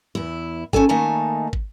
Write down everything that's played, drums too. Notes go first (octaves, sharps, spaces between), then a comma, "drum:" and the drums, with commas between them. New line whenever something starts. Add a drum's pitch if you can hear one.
E2 E4
D#2 C#4 D#4 A4 G#5, drum: kick
D#3 A3 A#3 D#4 G#5 A5
drum: kick